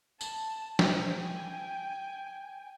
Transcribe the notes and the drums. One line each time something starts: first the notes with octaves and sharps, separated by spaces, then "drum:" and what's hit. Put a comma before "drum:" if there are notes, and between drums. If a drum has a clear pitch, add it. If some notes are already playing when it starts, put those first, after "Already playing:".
A5, drum: tambourine
G5 G#5, drum: snare